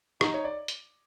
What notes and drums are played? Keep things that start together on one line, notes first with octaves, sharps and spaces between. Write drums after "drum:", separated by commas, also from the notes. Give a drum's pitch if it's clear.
D#4 D#5, drum: rim click
C#5
D5
drum: hi-hat